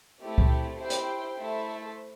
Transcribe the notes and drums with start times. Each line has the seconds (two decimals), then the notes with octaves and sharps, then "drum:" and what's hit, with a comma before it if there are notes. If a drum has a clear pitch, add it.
0.22 A3 C4 E4 G4
0.38 drum: kick C#2
0.79 E4 G4 C5 G5
0.90 drum: hi-hat
1.38 A3 E4 A4 C5 E5